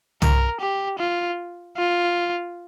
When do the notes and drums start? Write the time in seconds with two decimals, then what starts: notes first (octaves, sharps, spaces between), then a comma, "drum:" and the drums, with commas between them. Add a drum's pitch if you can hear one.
0.22 A#4, drum: tom
0.61 G4
0.99 F4
1.77 F4